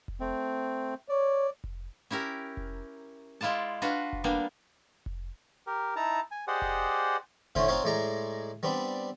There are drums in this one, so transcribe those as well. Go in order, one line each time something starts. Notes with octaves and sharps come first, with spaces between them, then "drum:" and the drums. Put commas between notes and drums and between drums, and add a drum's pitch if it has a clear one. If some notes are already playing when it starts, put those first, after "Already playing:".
drum: kick F1
A3 C4
C#5 D5
drum: kick F1
C#4 E4 G4 A#4
drum: kick F1
G#3 E4 F4 D5 A5
D4 F4 F#4 B4
drum: kick F1
G3 A#3 B3 D4
drum: kick F1
G4 A#4
D#4 E4 A5 A#5
G#5
G4 G#4 C5 D5 D#5 F#5
drum: kick F1
A2 D3 A3 C#4 C5, drum: kick F1
C4 D#4 F4 C5 C#5
A2 G#3 D5 A#5
G3 B3 C4 D4